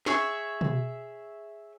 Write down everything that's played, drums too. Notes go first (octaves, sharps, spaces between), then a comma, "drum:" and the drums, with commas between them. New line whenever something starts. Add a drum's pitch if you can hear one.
G#4 C#5 E5, drum: snare
drum: tom B2